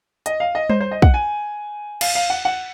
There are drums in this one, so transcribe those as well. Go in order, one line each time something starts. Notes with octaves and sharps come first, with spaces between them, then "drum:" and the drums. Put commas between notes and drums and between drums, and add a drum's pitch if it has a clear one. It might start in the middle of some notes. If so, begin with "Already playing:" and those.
D#5, drum: hi-hat
F5
D#5
C5, drum: tom G3
C5
D#5
F#5, drum: kick
G#5
F5, drum: cymbal
F5
F#5
F#5